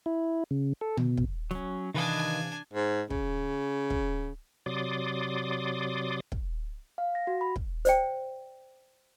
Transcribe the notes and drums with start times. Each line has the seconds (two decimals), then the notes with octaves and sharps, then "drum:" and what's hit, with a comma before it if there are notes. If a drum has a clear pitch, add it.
0.06 E4
0.51 C#3
0.81 A4
0.97 B2, drum: tom
1.17 drum: kick
1.51 F#3 C#4, drum: snare
1.94 C3 D#3 E3 D4 B4 D#5 F5 G#5
2.73 G#2
3.10 C#3, drum: kick
3.90 drum: kick
4.66 C3 F#3 D5 C6 D6 D#6
6.32 drum: kick
6.98 F5
7.15 A#6
7.27 F#4
7.41 B5
7.56 drum: kick
7.85 C5 D5 G5, drum: hi-hat